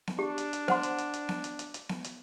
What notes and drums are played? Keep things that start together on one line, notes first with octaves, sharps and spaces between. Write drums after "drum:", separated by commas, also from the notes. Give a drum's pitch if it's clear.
drum: snare B3
D4 G4
drum: hi-hat
drum: hi-hat
C5 F#5 C6, drum: snare B3
drum: hi-hat
drum: hi-hat
drum: hi-hat
drum: snare B3
drum: hi-hat
drum: hi-hat
drum: hi-hat
drum: snare B3
drum: hi-hat